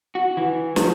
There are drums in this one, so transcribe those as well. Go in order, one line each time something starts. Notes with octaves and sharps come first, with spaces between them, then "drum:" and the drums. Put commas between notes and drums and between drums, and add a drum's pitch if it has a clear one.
F#4
E3
F3, drum: snare